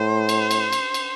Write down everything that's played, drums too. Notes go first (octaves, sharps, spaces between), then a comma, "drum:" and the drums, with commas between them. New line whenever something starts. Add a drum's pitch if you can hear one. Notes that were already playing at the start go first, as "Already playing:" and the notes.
Already playing: A2 C5
drum: cymbal
drum: cymbal
drum: cymbal
drum: cymbal